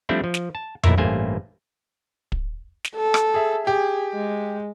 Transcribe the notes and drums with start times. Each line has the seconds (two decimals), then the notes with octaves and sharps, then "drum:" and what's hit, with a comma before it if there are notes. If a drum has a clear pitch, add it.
0.09 F3 G3 A3 C4 D4 E4
0.24 F3
0.34 drum: snare
0.55 A5
0.83 B1 A#2 E4 A#4 E5, drum: tom F2
0.98 A1 G2 A3 A#3 C5 G#5
2.32 drum: kick
2.84 drum: snare
2.96 A4
3.14 drum: rim click
3.34 G#4 E5
3.67 G4 G#4
4.14 G#3